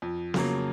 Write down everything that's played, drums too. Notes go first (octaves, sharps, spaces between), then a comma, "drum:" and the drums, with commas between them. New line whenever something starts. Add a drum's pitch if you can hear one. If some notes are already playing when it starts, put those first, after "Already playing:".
F2
C#3 F#3 A#3, drum: snare B3